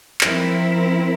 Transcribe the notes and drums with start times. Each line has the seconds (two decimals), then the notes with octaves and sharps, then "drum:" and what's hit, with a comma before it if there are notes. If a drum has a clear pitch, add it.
0.21 F3 C4 E4 A#4, drum: clap